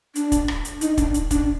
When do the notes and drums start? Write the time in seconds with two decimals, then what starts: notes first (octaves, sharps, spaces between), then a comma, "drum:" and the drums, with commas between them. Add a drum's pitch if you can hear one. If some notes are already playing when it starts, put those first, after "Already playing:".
0.15 D4, drum: hi-hat
0.32 drum: kick, hi-hat
0.48 drum: rim click
0.65 drum: hi-hat
0.81 D#4, drum: hi-hat
0.98 D4, drum: kick, hi-hat
1.14 drum: hi-hat
1.31 D4, drum: kick, hi-hat